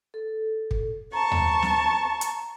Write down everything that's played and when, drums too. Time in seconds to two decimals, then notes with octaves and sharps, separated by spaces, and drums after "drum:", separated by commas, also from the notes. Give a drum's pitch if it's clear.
0.14 A4
0.71 drum: kick
1.13 A5 A#5 C#6
1.31 drum: tom D#2
1.62 drum: snare
2.21 drum: hi-hat